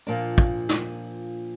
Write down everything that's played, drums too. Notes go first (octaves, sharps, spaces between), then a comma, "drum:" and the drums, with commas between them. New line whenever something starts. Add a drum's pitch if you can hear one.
A#2 F3 A#3 D4
drum: kick
drum: snare